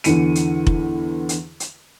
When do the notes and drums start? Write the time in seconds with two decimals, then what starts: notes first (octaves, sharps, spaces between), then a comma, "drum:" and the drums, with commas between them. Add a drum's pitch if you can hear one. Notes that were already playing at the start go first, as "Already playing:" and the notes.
0.04 E2 D3 E3 C#7 D#7, drum: hi-hat
0.35 drum: hi-hat
0.67 drum: kick F1
1.29 drum: hi-hat
1.60 drum: hi-hat